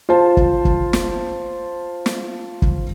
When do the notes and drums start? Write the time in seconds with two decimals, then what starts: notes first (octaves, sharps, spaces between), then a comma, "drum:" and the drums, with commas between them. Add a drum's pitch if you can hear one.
0.09 F4 C5 A5
0.37 drum: kick
0.65 drum: kick
0.93 drum: snare
2.06 drum: snare
2.62 drum: kick